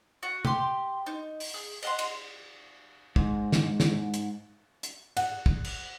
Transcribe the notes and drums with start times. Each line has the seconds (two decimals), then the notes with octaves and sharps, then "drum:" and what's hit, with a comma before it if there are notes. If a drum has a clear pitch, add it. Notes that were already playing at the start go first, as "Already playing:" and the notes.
0.23 F#4
0.45 G4 C6, drum: tom
1.06 D#4
1.40 drum: open hi-hat
1.54 G#4
1.82 D#5 F#5 C6, drum: cymbal
1.99 drum: cymbal
3.16 G#2, drum: kick
3.52 drum: snare
3.80 drum: snare
4.14 drum: hi-hat
4.83 drum: hi-hat
5.17 F#5, drum: cymbal
5.46 drum: kick
5.64 drum: cymbal